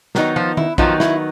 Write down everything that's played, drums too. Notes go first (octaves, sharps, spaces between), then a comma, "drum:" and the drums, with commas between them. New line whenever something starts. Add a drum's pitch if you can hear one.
D#3 F#3 B3 D#4, drum: snare
F3 F4
E4, drum: tom D#3
D#3 F3 F#3 B3 D#4 F4, drum: kick A#1
E4, drum: snare